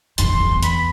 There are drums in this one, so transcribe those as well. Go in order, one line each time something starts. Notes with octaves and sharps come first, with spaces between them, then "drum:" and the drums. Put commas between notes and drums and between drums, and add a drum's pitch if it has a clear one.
F2 C6, drum: hi-hat
F2
F2
E2
B5, drum: hi-hat